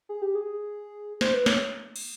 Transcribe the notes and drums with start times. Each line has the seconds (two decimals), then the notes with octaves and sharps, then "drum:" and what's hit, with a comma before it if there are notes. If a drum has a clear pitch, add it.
0.09 G#4
0.22 G4
0.35 G#4
1.21 C5, drum: snare
1.34 B4
1.46 C#5, drum: snare
1.96 drum: cymbal